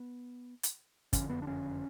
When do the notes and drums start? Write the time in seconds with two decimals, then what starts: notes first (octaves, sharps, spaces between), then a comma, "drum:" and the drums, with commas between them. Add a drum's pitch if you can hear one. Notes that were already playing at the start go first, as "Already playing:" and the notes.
Already playing: B3
0.63 drum: hi-hat
1.13 F#1 F2 D3 C#4, drum: kick, hi-hat
1.29 B3
1.42 D4
1.47 C#4